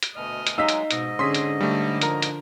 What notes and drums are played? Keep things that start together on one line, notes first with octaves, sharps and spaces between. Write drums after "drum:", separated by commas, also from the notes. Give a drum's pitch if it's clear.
drum: hi-hat
D2 B2 D#5 F6
drum: hi-hat
F#3 G#3 D#4 F5 E6 B6
drum: hi-hat
G#2 B2 D#5, drum: hi-hat
D3 C#4 G#4 C6 D#6 B6
drum: hi-hat
D3 G3 A3
F3 A#4 A#5, drum: hi-hat
drum: hi-hat